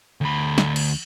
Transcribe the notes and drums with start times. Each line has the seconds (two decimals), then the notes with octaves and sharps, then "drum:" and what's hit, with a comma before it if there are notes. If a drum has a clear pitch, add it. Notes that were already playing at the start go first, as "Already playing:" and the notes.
0.21 D2 B5
0.58 drum: snare
0.76 drum: cymbal